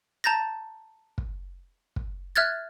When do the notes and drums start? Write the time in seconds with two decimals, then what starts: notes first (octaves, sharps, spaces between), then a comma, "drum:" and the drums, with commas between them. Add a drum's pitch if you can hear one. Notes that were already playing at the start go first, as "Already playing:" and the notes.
0.24 A5 A#5 G6 A6 A#6
1.18 drum: kick
1.96 drum: kick
2.36 E5 F6 F#6 G#6 A6